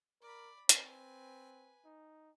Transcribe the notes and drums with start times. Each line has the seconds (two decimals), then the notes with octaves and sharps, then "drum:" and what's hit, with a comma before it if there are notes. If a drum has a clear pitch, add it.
0.22 A#4 D5 B5
0.69 C4 B4 G#5, drum: hi-hat
1.85 D#4